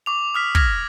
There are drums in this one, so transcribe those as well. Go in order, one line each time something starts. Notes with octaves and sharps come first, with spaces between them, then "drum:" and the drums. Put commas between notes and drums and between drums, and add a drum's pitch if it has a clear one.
C#6 D6 F7
D#6 F6 B6
F6 G#6 A#6, drum: kick